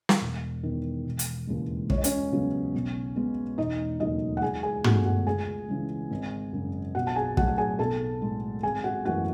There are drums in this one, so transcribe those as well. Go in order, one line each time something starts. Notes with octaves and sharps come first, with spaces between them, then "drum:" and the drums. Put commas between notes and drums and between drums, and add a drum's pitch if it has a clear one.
drum: snare
E1
E2 D#3
E1
drum: hi-hat
D#2 C#3 E3 G#3
C#2 C#5, drum: kick
D#5
C#4 C#5, drum: hi-hat
C#3 F#3 B3
B1
B2 G#3 B3
E1 D#4 D#5
D#2 C#3 F#3 A3 D#4 D#5
F#5
C#2 G#4 G#5
G#4 G#5
B2 A3 F#4 F#5, drum: tom
F#4 F#5
C#2 G#4 G#5
C#3 E3 G#3
G#1
F#2 C#3
B1 F#4 F#5
A5
G#4 G#5
A2 F#3 F#4 F#5, drum: kick
F#5
G#4 G#5
B1 A4 A5
A2 G#3
G#1 G#4 G#5
F#4 F#5
F#2 E3 A3 F#4 F#5